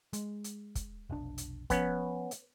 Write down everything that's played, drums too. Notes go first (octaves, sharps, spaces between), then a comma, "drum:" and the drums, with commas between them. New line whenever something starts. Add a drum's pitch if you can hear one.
G#3, drum: hi-hat
drum: hi-hat
drum: kick, hi-hat
F1 B1 D4
drum: hi-hat
F3 B3 C#4, drum: kick, hi-hat
drum: hi-hat